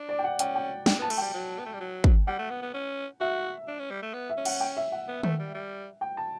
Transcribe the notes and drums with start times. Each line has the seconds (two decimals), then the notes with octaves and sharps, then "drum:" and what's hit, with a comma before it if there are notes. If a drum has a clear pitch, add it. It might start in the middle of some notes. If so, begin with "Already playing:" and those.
Already playing: D4
0.09 D5
0.19 G5
0.24 F#5
0.39 C#4 G5, drum: hi-hat
0.55 G5
0.86 D4 G5, drum: snare
0.99 B3 A5
1.10 A3, drum: cymbal
1.18 G3 G5
1.34 F#3
1.59 B3
1.66 A3
1.73 G3
1.80 F#3
2.04 drum: kick
2.27 G3 F#5
2.39 A3
2.50 B3
2.62 B3
2.74 C#4
3.21 F#4 E5
3.68 D4
3.79 C#4
3.91 G3
4.02 A3
4.14 B3
4.30 E5
4.37 C#4
4.45 F#5, drum: cymbal
4.61 G5
4.77 E5
4.92 F#5
5.08 B3
5.23 A3, drum: tom D#3
5.39 G3
5.54 G3
6.01 G5
6.17 A5